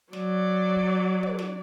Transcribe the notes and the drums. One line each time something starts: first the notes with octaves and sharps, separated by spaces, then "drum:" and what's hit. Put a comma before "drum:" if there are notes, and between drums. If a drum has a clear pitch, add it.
F#3 D5, drum: snare
drum: kick
drum: tom
drum: snare